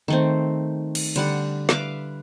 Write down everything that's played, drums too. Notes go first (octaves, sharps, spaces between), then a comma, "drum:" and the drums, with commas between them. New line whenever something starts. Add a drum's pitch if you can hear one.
D#3 A3 C4
drum: cymbal
D3 G3 F#5, drum: hi-hat
B4 E5 F5 D6, drum: snare